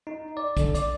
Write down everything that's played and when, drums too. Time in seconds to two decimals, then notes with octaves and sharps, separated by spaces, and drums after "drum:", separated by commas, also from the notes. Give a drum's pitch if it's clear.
0.07 D#4
0.37 D5
0.57 D3, drum: kick A#1, hi-hat
0.75 D5, drum: hi-hat